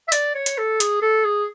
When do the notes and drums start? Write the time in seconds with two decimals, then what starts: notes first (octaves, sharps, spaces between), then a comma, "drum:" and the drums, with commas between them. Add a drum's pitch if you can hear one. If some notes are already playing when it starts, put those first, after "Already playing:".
0.08 E5
0.12 D5, drum: hi-hat
0.35 C#5
0.46 drum: hi-hat
0.58 A4
0.80 G#4, drum: hi-hat
1.02 A4
1.25 G#4